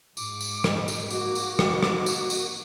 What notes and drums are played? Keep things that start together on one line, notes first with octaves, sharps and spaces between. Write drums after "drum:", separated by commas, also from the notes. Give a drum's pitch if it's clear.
G#2 D6, drum: tambourine
drum: tambourine
drum: rim click
drum: tambourine
A#3 F#4 D6, drum: tambourine
drum: tambourine
drum: rim click
drum: rim click
drum: tambourine
drum: tambourine